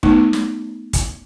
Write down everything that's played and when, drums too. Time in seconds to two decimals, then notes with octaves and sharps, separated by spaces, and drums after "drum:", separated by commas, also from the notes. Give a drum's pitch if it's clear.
0.03 A3 B3 D#4, drum: kick
0.33 drum: snare
0.93 drum: kick, hi-hat